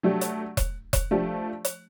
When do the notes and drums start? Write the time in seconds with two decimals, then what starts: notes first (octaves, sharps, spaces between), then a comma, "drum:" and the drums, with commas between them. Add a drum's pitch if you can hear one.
0.03 F#3 A3 D4 G4
0.21 drum: hi-hat
0.57 drum: kick E1, hi-hat
0.93 drum: kick E1, hi-hat
1.11 F3 A3 D4 G4
1.65 drum: hi-hat